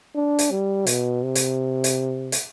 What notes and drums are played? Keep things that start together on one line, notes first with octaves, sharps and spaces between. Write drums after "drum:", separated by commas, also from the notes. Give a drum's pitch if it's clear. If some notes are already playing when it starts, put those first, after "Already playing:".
D4
drum: hi-hat
G3
B2, drum: hi-hat
C3
drum: hi-hat
drum: hi-hat
drum: hi-hat